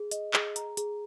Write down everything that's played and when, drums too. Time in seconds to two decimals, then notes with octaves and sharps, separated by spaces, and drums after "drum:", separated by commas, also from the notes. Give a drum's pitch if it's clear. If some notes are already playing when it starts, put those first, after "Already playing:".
Already playing: G#4
0.11 D#5, drum: hi-hat
0.34 G#4, drum: clap
0.56 A#5, drum: hi-hat
0.77 G#4, drum: hi-hat